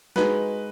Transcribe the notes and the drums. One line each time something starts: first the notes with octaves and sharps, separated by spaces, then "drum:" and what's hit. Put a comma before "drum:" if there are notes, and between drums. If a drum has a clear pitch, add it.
G#3 D#4 F#4 B4, drum: snare